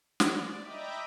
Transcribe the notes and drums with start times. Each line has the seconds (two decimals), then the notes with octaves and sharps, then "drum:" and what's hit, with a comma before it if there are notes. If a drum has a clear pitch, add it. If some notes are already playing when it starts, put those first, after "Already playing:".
0.20 D5, drum: snare
0.60 D#5 E5 G5 A#5 B5 D6